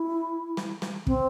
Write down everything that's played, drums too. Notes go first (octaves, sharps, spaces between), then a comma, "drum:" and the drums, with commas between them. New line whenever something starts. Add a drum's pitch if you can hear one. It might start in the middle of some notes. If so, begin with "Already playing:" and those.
Already playing: E4
drum: snare
drum: snare
C4, drum: kick